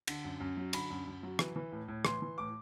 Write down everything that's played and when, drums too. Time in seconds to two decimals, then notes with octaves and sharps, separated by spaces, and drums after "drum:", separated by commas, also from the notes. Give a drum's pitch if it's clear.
0.07 D3, drum: cymbal
0.24 F#2
0.40 F#2
0.57 F#3
0.73 D3 B5, drum: cymbal
0.90 F#2
1.07 F#2
1.23 F#3
1.39 E3, drum: rim click
1.56 E3
1.72 A2
1.88 A2
2.05 E3 C6, drum: rim click
2.22 E3
2.38 A2 D6